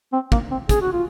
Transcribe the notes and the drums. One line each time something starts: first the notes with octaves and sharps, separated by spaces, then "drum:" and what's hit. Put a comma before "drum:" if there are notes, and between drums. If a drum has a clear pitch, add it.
C4
A#3, drum: kick
C4
G#4, drum: kick, hi-hat
F#4
F4